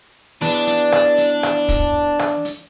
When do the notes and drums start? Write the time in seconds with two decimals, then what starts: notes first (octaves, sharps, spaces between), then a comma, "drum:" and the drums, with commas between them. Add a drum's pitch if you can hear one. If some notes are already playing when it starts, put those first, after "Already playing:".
0.42 E3 B3 D4, drum: hi-hat
0.67 drum: hi-hat
0.92 drum: rim click
1.18 drum: hi-hat
1.43 drum: rim click
1.69 drum: kick, hi-hat
2.19 drum: rim click
2.45 drum: hi-hat